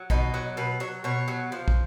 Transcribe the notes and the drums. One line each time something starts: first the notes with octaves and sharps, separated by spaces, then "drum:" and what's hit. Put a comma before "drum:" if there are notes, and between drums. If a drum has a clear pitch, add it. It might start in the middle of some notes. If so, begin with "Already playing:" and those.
Already playing: F#3
B2 D#4, drum: kick
F#3
B2 B4
F#3 C#5
B2 C#5
F#3
F3
drum: kick